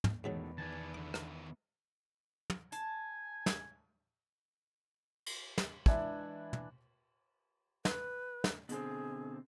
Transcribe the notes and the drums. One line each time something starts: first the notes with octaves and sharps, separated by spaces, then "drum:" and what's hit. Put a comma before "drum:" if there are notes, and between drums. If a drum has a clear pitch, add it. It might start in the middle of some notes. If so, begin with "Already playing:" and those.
drum: tom
E2 G#2 B2 D#3 E3 F#3 A3
D#3 B3 D5 G#5 A5
D3 D6
drum: rim click
drum: tom
G#5 A5, drum: hi-hat
drum: snare
drum: cymbal
drum: snare
E3 G#3 D4 E5 G#5, drum: kick
drum: tom
B4, drum: snare
drum: snare
B2 D3 C4 G#4, drum: hi-hat